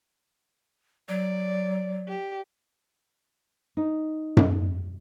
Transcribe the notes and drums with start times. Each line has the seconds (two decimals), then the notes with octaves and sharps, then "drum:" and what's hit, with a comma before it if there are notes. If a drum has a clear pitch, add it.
1.09 F#3 D5
2.08 G4
3.77 D#4
4.37 drum: tom F#2